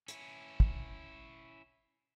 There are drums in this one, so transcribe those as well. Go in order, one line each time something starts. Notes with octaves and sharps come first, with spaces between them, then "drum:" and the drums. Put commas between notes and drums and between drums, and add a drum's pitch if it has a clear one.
C#4 E4, drum: hi-hat
drum: kick